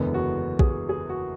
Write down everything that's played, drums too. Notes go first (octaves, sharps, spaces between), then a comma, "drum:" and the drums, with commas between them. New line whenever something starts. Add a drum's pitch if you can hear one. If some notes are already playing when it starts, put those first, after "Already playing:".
Already playing: F#1 E2 D3 G#3 B3
F#4
G#4, drum: kick A#1
F#4
G#4
F#4